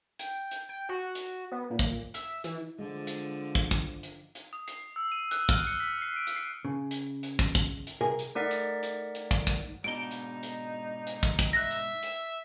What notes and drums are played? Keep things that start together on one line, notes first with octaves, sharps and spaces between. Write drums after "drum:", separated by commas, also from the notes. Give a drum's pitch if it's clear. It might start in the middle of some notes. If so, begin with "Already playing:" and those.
G5, drum: hi-hat
drum: hi-hat
G5
F#4
drum: hi-hat
B3
A#2
drum: kick
E5, drum: hi-hat
E3, drum: hi-hat
D3 F3 G#3
drum: hi-hat
drum: kick
drum: kick, hi-hat
drum: hi-hat
drum: hi-hat
D#6
C7, drum: hi-hat
E6
D#7
F#6, drum: hi-hat
F6, drum: kick
C#7
B6
C7
D7
drum: hi-hat
C7
C#3
drum: hi-hat
drum: hi-hat
drum: kick
drum: kick, hi-hat
drum: hi-hat
C2 C3 G#4 A#4 G#5
drum: hi-hat
A3 D#4 A#4 D5 F#5 B6
drum: hi-hat
drum: hi-hat
drum: hi-hat
drum: kick
drum: kick, hi-hat
G#2 B2 D4 D#4 D7 G7
drum: hi-hat
drum: hi-hat
drum: hi-hat
drum: kick
drum: kick, hi-hat
E5 F#6 A#6
drum: hi-hat
drum: hi-hat